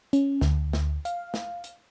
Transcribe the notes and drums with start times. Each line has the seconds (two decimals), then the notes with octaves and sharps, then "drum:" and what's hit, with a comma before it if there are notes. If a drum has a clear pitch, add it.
0.13 C#4, drum: hi-hat
0.41 D2, drum: snare
0.73 drum: snare
1.05 F5, drum: hi-hat
1.34 drum: snare
1.64 drum: hi-hat